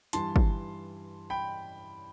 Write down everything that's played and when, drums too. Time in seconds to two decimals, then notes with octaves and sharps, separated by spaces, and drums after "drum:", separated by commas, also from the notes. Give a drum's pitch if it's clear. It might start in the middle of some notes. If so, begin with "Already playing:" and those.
0.13 G2 E3 G3 A5 C6, drum: hi-hat
0.36 drum: kick
1.30 G5 B5